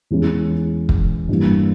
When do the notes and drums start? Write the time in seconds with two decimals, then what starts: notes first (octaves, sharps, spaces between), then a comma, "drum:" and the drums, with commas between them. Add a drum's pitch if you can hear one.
0.11 E2 E3 G#3 C#4 E4
0.89 drum: kick
1.29 G2 E3 A#3